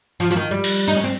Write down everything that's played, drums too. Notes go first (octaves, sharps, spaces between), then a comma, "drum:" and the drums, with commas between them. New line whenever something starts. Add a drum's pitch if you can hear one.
F3
F3
D#3
G3
drum: cymbal
D#4, drum: hi-hat
C#4
C4